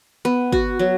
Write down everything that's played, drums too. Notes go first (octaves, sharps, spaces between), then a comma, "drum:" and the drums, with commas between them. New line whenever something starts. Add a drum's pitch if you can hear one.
B3
F#4, drum: kick G#1
F#3